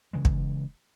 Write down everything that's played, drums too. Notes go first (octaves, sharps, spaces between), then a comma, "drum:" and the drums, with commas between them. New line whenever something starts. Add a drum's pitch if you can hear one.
C#3 E3 G#3
drum: kick